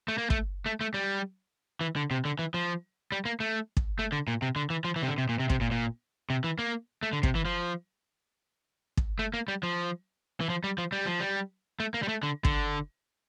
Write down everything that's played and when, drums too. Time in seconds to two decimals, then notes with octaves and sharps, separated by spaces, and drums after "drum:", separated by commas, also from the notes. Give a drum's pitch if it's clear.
0.08 A3
0.18 A#3
0.30 A3, drum: kick
0.66 A3
0.81 A3
0.94 G3
1.81 E3
1.96 D3
2.11 C3
2.25 D3
2.39 E3
2.54 F3
3.12 G3
3.25 A#3
3.40 A3
3.77 drum: kick
3.99 A3
4.12 D3
4.28 A#2
4.42 C3
4.56 D3
4.70 E3
4.84 F3
4.96 E3
5.03 C3
5.07 D3
5.18 C3
5.29 A#2
5.40 C3
5.50 C3, drum: kick
5.61 A#2
5.71 A#2
6.30 C3
6.44 E3
6.59 A#3
7.03 A3
7.13 D3
7.23 C3, drum: kick
7.35 E3
7.45 F3
8.97 drum: kick
9.19 A3
9.34 A#3
9.48 G3
9.63 F3
10.41 E3
10.50 F3
10.64 G3
10.78 F3
10.92 G3
11.06 F3
11.20 G3
11.80 A3
11.94 A#3
12.03 G3
12.09 A3
12.23 D3
12.45 D3, drum: kick